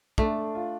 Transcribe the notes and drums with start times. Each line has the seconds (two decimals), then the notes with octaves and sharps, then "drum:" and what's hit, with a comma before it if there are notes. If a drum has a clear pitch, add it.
0.18 A3 D4, drum: kick
0.55 F4